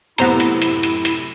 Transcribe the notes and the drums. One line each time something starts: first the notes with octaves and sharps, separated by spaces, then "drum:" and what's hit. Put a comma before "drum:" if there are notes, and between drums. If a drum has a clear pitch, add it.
F#2 A2 C3 B3 E4 C5 A#5, drum: hi-hat
drum: hi-hat
drum: hi-hat
drum: hi-hat
drum: hi-hat